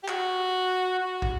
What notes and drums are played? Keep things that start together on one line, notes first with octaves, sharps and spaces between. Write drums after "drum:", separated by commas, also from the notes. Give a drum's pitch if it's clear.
G4
F#4, drum: clap
F#4
drum: kick